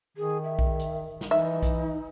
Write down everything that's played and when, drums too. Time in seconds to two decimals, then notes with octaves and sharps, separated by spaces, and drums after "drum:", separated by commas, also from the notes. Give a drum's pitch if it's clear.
0.17 D#3 G#4
0.44 E5
0.59 drum: kick B1
0.79 drum: hi-hat
1.21 drum: snare
1.31 E3 D#4 E5
1.63 drum: kick B1, hi-hat